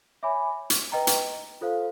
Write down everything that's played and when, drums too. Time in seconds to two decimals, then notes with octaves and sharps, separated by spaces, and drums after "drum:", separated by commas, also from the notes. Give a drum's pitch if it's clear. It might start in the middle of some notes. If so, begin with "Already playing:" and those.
0.23 C#5 E5 G#5 B5 D6
0.70 drum: hi-hat
0.92 B4 D#5 G5 A#5
1.07 drum: hi-hat
1.61 F4 A4 C5 F5